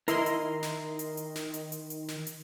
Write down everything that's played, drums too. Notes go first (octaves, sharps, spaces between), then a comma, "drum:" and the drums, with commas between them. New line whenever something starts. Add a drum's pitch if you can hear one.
D#3 E4 A#4 D#5 A#5 C6, drum: hi-hat
drum: hi-hat
drum: snare
drum: hi-hat
drum: hi-hat
drum: snare
drum: hi-hat
drum: hi-hat
drum: hi-hat
drum: snare
drum: hi-hat